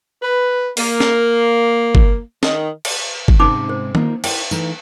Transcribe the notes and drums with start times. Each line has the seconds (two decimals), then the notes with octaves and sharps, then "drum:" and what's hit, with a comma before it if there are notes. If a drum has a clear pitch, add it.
0.22 B4
0.77 A#3, drum: open hi-hat
1.00 drum: snare
1.95 drum: kick G1
2.43 D#3, drum: snare
2.85 drum: cymbal
3.28 drum: kick G1
3.40 G#2 C3 G#3 C#4 D#4 D6
3.69 C5
3.95 A#3 D#4 F4, drum: tom D#3
4.24 E4 A#4 C5 G5, drum: cymbal
4.51 E3 A3 D#4, drum: tambourine